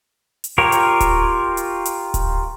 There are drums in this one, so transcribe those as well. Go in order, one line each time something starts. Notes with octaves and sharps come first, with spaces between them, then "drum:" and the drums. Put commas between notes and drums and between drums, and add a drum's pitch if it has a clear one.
drum: hi-hat
F4 G4 A#4 C#5
drum: hi-hat
drum: kick D1, hi-hat
drum: hi-hat
drum: hi-hat
drum: kick D1, hi-hat